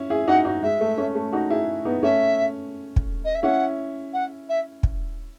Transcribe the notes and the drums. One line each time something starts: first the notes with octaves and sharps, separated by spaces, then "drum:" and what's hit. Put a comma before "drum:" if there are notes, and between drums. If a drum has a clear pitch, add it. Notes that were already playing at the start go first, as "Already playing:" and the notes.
Already playing: C#4 E4
E4 G#4
D#4 F#4 F#5
D#4 F#4
G#3 E5
A3
A3 C#4
A3
D#4 F#4
E4 G#4
B3 D#4
A3 C#4 E5
drum: kick
D#5
E5
C#4 E4 F#5
F#5
E5
drum: kick